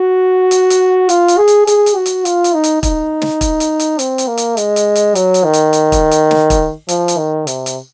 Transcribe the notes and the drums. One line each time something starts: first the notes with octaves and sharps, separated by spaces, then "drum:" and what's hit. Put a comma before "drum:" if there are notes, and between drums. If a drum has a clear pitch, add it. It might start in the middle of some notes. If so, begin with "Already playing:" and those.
Already playing: F#4
drum: hi-hat
drum: hi-hat
F4, drum: hi-hat
drum: hi-hat
G#4
drum: hi-hat
G#4, drum: hi-hat
drum: hi-hat
F#4
drum: hi-hat
F4, drum: hi-hat
drum: hi-hat
D#4
drum: hi-hat
D#4, drum: kick, hi-hat
drum: snare
drum: kick, hi-hat
drum: hi-hat
drum: hi-hat
C4, drum: hi-hat
drum: hi-hat
A#3
drum: hi-hat
G#3, drum: hi-hat
drum: hi-hat
drum: hi-hat
F#3, drum: hi-hat
drum: hi-hat
D#3
drum: hi-hat
drum: hi-hat
drum: kick, hi-hat
drum: hi-hat
drum: snare
drum: kick, hi-hat
F3, drum: hi-hat
drum: hi-hat
D#3
C3, drum: hi-hat
drum: hi-hat